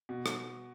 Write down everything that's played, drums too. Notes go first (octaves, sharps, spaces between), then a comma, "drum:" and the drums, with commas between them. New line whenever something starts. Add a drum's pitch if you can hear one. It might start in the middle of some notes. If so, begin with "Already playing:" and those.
B2
drum: rim click